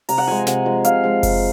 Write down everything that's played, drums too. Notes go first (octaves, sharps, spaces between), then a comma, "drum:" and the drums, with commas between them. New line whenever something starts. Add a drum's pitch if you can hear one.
C3 A#5, drum: open hi-hat
F#5
F3 G#3 G#5
C3 F#5, drum: snare
F3 G#3
C3 F5, drum: hi-hat
F3 G#3
C3, drum: kick F#1, open hi-hat